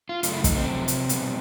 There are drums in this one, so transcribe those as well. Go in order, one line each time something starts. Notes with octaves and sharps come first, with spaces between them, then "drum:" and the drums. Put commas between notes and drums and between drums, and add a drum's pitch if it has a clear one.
F4
F#2 C#3 F#3 A3 F4, drum: hi-hat
E4
D#4, drum: kick, hi-hat
C4
F2 C3 F#3
drum: hi-hat
B2 G3 B3, drum: hi-hat